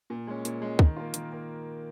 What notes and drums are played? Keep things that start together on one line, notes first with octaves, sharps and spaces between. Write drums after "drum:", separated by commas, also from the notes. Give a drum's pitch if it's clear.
A#2
G#3 C#4
A#2, drum: hi-hat
G#3 C#4
D#3, drum: kick
A#3 F4
D#3, drum: hi-hat
A#3